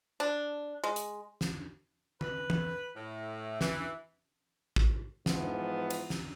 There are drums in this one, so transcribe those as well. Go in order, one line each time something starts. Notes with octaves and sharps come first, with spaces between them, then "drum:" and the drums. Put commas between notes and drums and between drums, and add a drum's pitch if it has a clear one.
D4
G#3
drum: hi-hat
drum: snare
B4, drum: tom D#3
drum: tom E3
A2
E3, drum: snare
drum: kick
G#2 E3 F3 B3, drum: snare
drum: cymbal
drum: snare